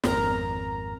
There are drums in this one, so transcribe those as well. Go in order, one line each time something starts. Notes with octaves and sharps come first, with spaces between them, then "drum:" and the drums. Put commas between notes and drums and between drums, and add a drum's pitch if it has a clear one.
G#1 F2 A#4 A#5, drum: snare